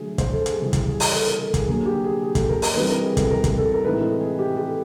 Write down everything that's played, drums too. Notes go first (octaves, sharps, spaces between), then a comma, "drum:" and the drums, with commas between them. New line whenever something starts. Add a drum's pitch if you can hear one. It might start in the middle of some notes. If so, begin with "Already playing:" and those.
Already playing: D3 F#3 A3 G#4
C5, drum: kick, hi-hat
A4
G#4, drum: hi-hat
C#3 E3 G3
drum: kick, hi-hat
G#4
drum: open hi-hat
A4
A#4
A4
G#4, drum: kick, hi-hat
D3 F#3 A#3 G#4
G4
G#4
G#4
A4, drum: kick, hi-hat
A#4
A#4, drum: open hi-hat
E3 G3 C4 D#4 B4
A#4
G#4
A4, drum: kick, hi-hat
A#4
drum: kick, hi-hat
A4
A#4
A2 E3 G#3 C4 D#4 B4
A4
G#4
G4
G4
A4